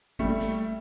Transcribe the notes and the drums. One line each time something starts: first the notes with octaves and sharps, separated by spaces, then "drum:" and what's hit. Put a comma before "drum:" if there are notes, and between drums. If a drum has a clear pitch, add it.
G3 A3, drum: kick G#1
drum: snare